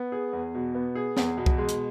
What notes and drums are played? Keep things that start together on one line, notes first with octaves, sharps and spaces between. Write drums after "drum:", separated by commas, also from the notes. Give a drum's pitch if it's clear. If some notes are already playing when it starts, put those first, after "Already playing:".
Already playing: B3
G#4
E2
B2
B3
G#4
E2, drum: snare
B2
drum: kick C2
G#3
drum: hi-hat